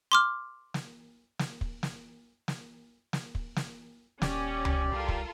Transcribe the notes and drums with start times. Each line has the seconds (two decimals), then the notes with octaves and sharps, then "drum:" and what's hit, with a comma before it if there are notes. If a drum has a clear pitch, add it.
0.12 C6 D6 F6
0.74 drum: snare
1.39 drum: snare
1.61 drum: kick
1.83 drum: snare
2.48 drum: snare
3.13 drum: snare
3.35 drum: kick
3.56 drum: snare
4.22 D#1 C#4 G4 D5, drum: snare
4.65 drum: tom C#2
4.92 C2 F4 A4 A#4
5.08 drum: kick